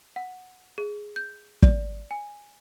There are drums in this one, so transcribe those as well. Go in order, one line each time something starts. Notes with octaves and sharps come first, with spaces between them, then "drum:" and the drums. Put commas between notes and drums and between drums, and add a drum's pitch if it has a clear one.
F#5
G#4
G6
D5, drum: kick
G#5